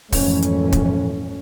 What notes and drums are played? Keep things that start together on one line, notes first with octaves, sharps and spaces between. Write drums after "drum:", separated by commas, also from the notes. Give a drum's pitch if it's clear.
G#1 F2 A#2 E3 A3 C#4, drum: kick, open hi-hat
drum: hi-hat
drum: kick, hi-hat